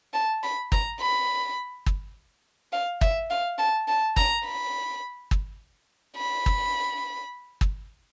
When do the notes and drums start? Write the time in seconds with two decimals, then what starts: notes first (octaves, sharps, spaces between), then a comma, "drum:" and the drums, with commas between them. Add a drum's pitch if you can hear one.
0.14 A5
0.43 B5
0.72 A#5, drum: kick
1.00 B5
1.86 drum: kick
2.73 F5
3.01 E5, drum: kick
3.30 F5
3.58 A5
3.88 A5
4.16 A#5, drum: kick
4.45 B5
5.31 drum: kick
6.17 B5
6.46 drum: kick
7.61 drum: kick